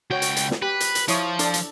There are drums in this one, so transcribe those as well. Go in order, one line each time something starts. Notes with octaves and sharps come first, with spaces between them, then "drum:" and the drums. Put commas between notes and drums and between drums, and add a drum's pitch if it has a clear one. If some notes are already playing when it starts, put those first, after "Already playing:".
C#2 F#4 C#5 G5
drum: hi-hat
drum: hi-hat
drum: snare
G4 B4
drum: hi-hat
drum: hi-hat
F3 E4 C#5 D#6, drum: hi-hat
D4 A4 D5, drum: hi-hat
drum: hi-hat